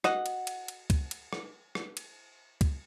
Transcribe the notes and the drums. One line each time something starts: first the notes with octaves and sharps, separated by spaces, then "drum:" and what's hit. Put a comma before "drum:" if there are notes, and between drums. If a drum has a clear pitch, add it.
F#4 D#5 F#5, drum: rim click
drum: cymbal
drum: cymbal
drum: cymbal
drum: kick C#2, cymbal
drum: cymbal
drum: rim click
drum: rim click
drum: cymbal
drum: kick C#2, cymbal